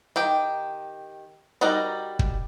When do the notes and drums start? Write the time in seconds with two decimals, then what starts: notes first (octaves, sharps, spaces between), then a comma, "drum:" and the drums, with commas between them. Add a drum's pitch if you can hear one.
0.16 D#3 G4 G5
1.61 G3 D#4 F#4 A#4 D5
2.19 drum: kick